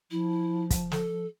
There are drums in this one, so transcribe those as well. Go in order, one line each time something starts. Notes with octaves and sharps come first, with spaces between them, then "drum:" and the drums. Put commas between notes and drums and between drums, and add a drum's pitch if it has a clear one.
F3 E4
drum: kick, hi-hat
A4, drum: snare